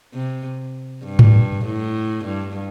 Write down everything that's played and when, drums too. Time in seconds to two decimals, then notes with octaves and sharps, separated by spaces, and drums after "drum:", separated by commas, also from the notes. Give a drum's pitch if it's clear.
0.14 C3
1.05 G2
1.19 drum: tom G#2
1.66 A2
2.25 G2